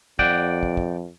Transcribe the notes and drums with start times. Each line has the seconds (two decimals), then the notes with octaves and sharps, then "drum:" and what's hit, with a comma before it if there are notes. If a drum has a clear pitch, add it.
0.19 F2 D5 F#5 G5, drum: kick
0.63 drum: kick
0.77 drum: kick